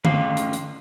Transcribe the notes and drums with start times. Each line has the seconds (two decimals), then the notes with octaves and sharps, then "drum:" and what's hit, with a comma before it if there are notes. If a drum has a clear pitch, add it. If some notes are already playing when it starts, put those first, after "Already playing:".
0.05 C#3 A3 F5, drum: tom D3
0.37 drum: hi-hat
0.53 drum: hi-hat